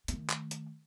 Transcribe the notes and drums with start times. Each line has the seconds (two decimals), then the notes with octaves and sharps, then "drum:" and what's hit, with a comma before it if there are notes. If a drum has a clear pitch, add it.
0.08 D#3 A3, drum: hi-hat
0.30 drum: clap
0.51 drum: hi-hat